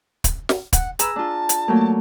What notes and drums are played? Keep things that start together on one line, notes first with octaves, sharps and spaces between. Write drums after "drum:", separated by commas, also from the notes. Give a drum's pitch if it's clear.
drum: kick, hi-hat
drum: snare
F#5, drum: kick, hi-hat
G#4 B4 A#5 E6, drum: hi-hat
D4 F4 A5
drum: hi-hat
F#3 A3 A#3